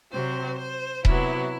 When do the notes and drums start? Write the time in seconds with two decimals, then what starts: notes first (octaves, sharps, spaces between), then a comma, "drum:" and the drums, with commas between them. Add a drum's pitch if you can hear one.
0.11 C3 F#3 C4 C5
0.58 C5
1.05 C3 F#3 B3 E4, drum: kick D#1